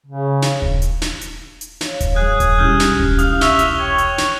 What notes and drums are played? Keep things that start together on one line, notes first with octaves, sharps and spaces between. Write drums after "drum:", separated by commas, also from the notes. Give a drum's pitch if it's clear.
C#3
drum: snare
drum: kick D#1
drum: hi-hat
drum: snare
drum: hi-hat
drum: hi-hat
C#5 F5, drum: snare
drum: kick D#1, hi-hat
F#2 F#3 G#4 F#6
drum: kick D#1, hi-hat
E1 C2 C#4 E4 G4 F6 G6
drum: snare
drum: kick D#1
F5 D#6, drum: hi-hat
E5 C#6 F7 G7, drum: snare
drum: hi-hat
C#5 G5
drum: hi-hat
drum: snare